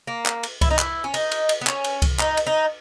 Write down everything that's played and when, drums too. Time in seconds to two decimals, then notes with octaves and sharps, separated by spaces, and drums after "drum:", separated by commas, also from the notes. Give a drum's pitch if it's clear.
0.07 A#3
0.26 drum: clap
0.43 drum: cymbal
0.61 E4, drum: kick C2, cymbal
0.71 D#4
0.79 E4, drum: clap
1.04 C#4
1.14 D#4, drum: cymbal
1.31 drum: cymbal
1.49 drum: cymbal
1.61 B3
1.67 C#4, drum: clap
1.84 drum: cymbal
2.02 drum: kick C2, cymbal
2.19 D#4, drum: clap
2.37 drum: cymbal
2.47 D#4